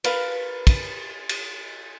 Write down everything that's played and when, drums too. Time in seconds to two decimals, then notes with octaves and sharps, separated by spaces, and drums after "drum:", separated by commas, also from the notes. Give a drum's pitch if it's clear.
0.04 A#4 B4 F5, drum: cymbal
0.67 drum: kick, cymbal
1.29 drum: cymbal